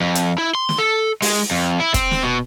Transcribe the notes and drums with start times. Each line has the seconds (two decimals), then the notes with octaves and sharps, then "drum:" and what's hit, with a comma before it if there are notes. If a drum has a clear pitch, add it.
0.01 F2
0.15 drum: hi-hat
0.38 E4
0.55 C6
0.69 drum: snare
0.78 A4
1.22 G#3, drum: open hi-hat
1.51 F2
1.80 E4
1.94 C4, drum: kick, hi-hat
2.11 drum: snare
2.23 B2